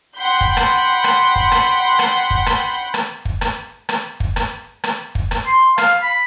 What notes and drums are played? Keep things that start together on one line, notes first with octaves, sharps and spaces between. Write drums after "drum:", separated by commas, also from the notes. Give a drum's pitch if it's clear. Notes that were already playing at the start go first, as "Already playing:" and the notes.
F#5 G5 B5 C6 G6
drum: kick
drum: rim click
drum: rim click
drum: kick
drum: rim click
drum: rim click
drum: kick
drum: rim click
drum: rim click
drum: kick
drum: rim click
drum: rim click
drum: kick
drum: rim click
drum: rim click
drum: kick
drum: rim click
C6
F5, drum: rim click
B5